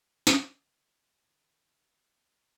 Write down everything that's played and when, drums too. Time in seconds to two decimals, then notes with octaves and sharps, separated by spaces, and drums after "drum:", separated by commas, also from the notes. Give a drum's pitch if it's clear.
0.27 drum: snare
0.38 D3
1.28 D#3